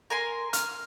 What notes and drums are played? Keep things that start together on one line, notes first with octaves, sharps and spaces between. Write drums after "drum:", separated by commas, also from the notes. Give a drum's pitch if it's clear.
A#4 G#5 C6
F6, drum: hi-hat